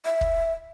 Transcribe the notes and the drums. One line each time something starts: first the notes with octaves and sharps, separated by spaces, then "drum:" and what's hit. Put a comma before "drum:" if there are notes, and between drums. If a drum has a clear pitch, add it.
E5
drum: kick